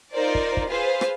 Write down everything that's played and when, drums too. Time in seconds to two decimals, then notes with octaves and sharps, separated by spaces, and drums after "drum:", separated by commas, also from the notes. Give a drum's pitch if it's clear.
0.13 D#4 F4 A#4 C5 D5
0.35 drum: kick
0.57 drum: kick
0.68 F4 G#4 B4 C5 F5
1.01 drum: rim click